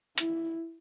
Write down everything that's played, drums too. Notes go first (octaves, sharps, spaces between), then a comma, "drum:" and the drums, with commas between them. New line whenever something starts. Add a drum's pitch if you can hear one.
E4, drum: hi-hat